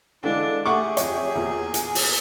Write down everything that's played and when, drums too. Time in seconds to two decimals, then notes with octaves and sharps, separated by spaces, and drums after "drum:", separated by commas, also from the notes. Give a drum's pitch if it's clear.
0.23 D3 E3 G#3 D4 E4 A4 F5
0.66 A3 G4 G#4 E5 F#5 C#6 D6
0.97 F2 C#5, drum: hi-hat
1.35 E2 A#2
1.74 G#5, drum: hi-hat
1.95 drum: open hi-hat